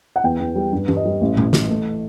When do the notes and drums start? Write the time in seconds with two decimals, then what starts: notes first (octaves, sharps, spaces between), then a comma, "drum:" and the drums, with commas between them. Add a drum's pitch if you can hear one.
0.16 F#5
0.24 E2 G5
0.40 E2
0.55 G3
0.73 G2
0.88 G2, drum: tom E3
0.97 D#5
1.05 G3
1.21 A1
1.37 A1, drum: tom A#2
1.53 E3, drum: snare
1.70 A3